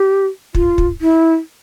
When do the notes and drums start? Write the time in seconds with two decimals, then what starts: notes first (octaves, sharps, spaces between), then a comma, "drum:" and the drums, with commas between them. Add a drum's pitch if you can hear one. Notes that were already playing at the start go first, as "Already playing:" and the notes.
Already playing: G4
0.55 F4, drum: kick
0.78 drum: kick
1.01 E4